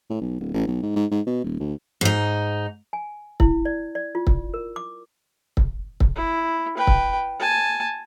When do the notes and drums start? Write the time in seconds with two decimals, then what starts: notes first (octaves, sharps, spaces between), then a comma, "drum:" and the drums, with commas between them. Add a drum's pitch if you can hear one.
0.10 A2
0.21 B1
0.40 D1
0.54 A1
0.67 B1
0.82 G#2
0.96 G#2
1.11 G#2
1.27 B2
1.44 D#1
1.60 D2
2.01 G#2 D#4
2.93 G#5
3.40 E4, drum: kick
3.65 D5
3.95 D5
4.15 F4
4.27 drum: kick
4.54 A#4
4.76 D6
5.57 drum: kick
6.00 drum: kick
6.16 E4
6.77 B4 G5
6.87 drum: kick
7.40 G#5 A5